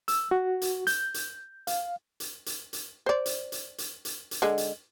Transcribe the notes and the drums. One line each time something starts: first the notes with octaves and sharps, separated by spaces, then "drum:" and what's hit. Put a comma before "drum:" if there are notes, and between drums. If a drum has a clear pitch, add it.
E6, drum: hi-hat
F#4
drum: hi-hat
G6, drum: hi-hat
drum: hi-hat
F5, drum: hi-hat
drum: hi-hat
drum: hi-hat
drum: hi-hat
C5 D5
drum: hi-hat
drum: hi-hat
drum: hi-hat
drum: hi-hat
drum: hi-hat
D3 G#3
drum: hi-hat